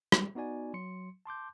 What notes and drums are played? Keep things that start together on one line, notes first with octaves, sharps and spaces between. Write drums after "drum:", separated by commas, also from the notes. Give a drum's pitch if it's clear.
G3, drum: rim click
B3 D#4 F#4 D5 G#5
F#3 C6 C#7
A5 C6 D6 G6